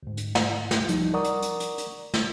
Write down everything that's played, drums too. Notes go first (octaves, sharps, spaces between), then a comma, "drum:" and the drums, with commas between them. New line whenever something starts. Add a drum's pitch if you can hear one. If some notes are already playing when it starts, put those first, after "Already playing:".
D2 G#2
drum: hi-hat
drum: snare
drum: snare
C2 F3 G3 D#4, drum: hi-hat
A#4 D5 F#5 A#5 C#6 D#6
drum: hi-hat
drum: hi-hat
drum: hi-hat
drum: hi-hat
drum: snare